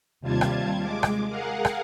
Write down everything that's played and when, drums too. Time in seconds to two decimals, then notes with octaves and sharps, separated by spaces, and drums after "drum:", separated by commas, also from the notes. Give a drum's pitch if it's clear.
0.21 D#2 C3 G3 F4 A5 G#6
0.41 drum: rim click
0.80 G#3 D6
1.03 drum: rim click
1.28 G#4 A#4 F5 F#5
1.65 drum: rim click